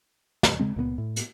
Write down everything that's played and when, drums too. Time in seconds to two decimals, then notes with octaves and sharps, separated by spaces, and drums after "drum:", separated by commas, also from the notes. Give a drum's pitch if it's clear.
0.43 drum: snare
0.59 C#3 G#3 C4
0.76 C#2 A#2 G#3 B3
0.98 A2
1.16 drum: hi-hat